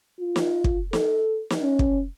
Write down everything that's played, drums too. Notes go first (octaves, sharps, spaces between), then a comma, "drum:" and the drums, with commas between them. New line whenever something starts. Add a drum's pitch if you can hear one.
F4
drum: snare
drum: kick
A4, drum: snare
drum: snare
C#4
drum: kick